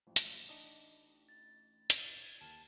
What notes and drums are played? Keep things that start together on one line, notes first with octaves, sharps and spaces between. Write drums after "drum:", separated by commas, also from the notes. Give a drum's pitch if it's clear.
A1 F3
drum: hi-hat
D4 D#4 D#5
A6
drum: hi-hat
G#6 D#7
D#2 A5 F6